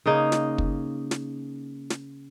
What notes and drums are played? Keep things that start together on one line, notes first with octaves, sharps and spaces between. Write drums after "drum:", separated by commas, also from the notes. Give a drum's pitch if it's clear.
C#3 A#3 D#4
drum: snare
drum: kick
drum: snare
drum: snare